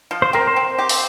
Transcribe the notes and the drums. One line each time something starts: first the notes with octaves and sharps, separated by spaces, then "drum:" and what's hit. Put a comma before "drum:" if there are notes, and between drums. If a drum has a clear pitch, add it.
F3
C5
C4 A#4
C5
C4
G4
drum: open hi-hat